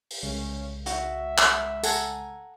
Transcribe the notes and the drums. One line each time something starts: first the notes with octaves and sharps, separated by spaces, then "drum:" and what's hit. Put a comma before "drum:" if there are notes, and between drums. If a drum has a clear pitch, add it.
drum: open hi-hat
C2 C#3 G#3 C#4
F#4 E5, drum: hi-hat
drum: clap
A4 F#5 G#5 A#5, drum: tambourine